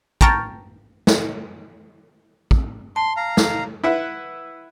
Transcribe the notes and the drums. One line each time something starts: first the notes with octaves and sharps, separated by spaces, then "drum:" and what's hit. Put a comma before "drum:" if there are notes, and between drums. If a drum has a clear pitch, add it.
G5 A5 A#5 C#6 F6 A6, drum: kick
drum: snare
drum: kick
A5 C6
F5 A#5
drum: snare
E4 B4 E5 F#5